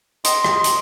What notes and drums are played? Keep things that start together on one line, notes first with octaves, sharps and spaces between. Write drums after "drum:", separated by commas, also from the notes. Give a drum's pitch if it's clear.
D#5 C6, drum: hi-hat
drum: rim click
drum: hi-hat